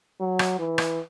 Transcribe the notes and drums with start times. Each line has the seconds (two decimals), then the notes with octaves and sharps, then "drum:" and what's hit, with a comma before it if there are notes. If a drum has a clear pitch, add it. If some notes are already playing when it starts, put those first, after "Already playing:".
0.20 F#3
0.39 drum: rim click
0.59 E3
0.78 drum: rim click